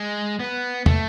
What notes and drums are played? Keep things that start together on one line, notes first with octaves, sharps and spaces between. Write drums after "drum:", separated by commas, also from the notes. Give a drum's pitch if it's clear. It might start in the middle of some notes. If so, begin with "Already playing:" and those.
Already playing: G#3
B3
A3, drum: tom